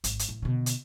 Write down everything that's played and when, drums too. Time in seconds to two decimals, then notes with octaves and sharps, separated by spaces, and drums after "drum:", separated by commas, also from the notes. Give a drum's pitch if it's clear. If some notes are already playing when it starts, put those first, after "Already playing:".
0.04 G#1, drum: hi-hat
0.19 drum: hi-hat
0.29 A1
0.42 B2 D3
0.66 drum: hi-hat